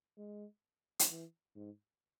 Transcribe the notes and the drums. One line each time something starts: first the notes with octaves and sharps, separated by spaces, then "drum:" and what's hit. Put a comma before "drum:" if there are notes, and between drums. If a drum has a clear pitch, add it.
G#3
drum: hi-hat
E3
G#2